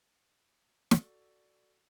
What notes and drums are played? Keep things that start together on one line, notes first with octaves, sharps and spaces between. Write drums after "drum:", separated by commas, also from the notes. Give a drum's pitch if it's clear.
F#4 A4 D5, drum: snare